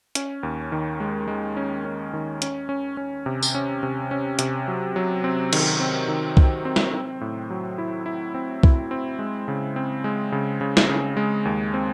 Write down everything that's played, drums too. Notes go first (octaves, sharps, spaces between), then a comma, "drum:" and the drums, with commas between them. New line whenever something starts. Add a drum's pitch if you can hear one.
C#4, drum: hi-hat
D#2
D#3
G#3
G#3
C#4
C#4
D#3
C#4, drum: hi-hat
C#4
C#4
C3
drum: tambourine
C#4
C3
C#4
C3, drum: hi-hat
F#3
F#3
C4
D#3, drum: cymbal
C4
D#3
D#3, drum: kick C2
C4
drum: snare
C4
A2
F#3
E4
E4
C4
E4, drum: kick C2
C4
G#3
C#3
C4
G#3
C#3
C#3
drum: snare
C#3
G#3
D#2
C4